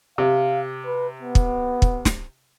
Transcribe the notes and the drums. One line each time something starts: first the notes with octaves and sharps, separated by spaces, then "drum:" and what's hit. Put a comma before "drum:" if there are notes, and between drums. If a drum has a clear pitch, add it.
C3 F5
B4
B3
drum: kick
drum: kick
drum: snare